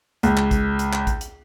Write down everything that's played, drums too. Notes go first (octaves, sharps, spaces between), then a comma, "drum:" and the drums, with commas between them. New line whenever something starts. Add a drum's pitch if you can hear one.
C#2, drum: hi-hat
drum: clap
drum: kick A1, hi-hat
drum: hi-hat
drum: clap
drum: kick A1, hi-hat
drum: hi-hat